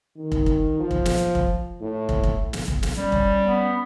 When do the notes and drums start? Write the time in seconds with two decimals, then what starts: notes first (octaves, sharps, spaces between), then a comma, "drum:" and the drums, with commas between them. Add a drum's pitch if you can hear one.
0.17 D#3
0.32 drum: kick
0.46 drum: kick
0.79 F3
0.91 drum: kick
1.05 drum: snare
1.35 drum: kick
1.82 A2
2.09 drum: kick
2.24 drum: kick
2.53 drum: snare
2.68 drum: kick
2.83 drum: snare
2.97 G3 C#4
3.12 drum: kick
3.40 B3